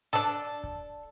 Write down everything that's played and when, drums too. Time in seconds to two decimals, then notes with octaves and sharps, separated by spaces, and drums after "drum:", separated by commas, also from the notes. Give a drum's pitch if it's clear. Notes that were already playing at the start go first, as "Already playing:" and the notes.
0.13 D4 A4, drum: snare
0.64 drum: kick